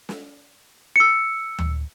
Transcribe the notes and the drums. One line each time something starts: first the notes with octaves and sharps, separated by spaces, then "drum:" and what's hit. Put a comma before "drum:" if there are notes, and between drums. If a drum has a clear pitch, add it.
drum: snare
E6 C#7
drum: tom D2